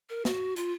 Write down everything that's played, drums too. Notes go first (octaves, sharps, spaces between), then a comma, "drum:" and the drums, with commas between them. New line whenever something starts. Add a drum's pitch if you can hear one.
A#4
F#4, drum: snare
F4, drum: hi-hat